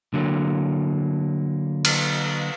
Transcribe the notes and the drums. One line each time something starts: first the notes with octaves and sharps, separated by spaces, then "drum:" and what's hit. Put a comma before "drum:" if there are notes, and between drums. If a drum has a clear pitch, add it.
D3 F#3 A#3
drum: cymbal